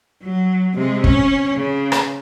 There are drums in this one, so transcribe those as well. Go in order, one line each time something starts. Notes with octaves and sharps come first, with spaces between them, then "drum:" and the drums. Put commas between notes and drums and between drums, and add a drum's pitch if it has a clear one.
F#3
C3 G#3
C#4, drum: kick
C#3
drum: rim click